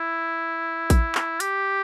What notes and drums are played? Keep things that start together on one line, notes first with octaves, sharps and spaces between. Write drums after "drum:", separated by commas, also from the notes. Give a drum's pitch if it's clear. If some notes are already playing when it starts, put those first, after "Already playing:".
Already playing: E4
drum: kick A1, hi-hat
drum: clap
G4, drum: hi-hat